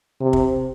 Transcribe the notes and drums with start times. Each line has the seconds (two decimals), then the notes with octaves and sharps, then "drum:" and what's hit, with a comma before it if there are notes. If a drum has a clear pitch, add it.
0.21 C3
0.33 drum: kick